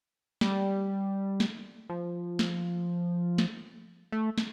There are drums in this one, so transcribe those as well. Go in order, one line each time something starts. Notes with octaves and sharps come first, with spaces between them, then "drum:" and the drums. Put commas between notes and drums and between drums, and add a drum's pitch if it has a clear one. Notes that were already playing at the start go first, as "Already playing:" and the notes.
G3, drum: snare
drum: snare
F3
drum: snare
drum: snare
A3
drum: snare